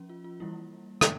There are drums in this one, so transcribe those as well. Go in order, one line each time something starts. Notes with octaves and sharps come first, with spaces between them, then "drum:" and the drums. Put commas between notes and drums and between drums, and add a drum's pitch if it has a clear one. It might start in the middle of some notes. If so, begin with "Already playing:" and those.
Already playing: F3 C#4
F4
F4
E3 G3 A#3 E4
G3 A#3 D4, drum: rim click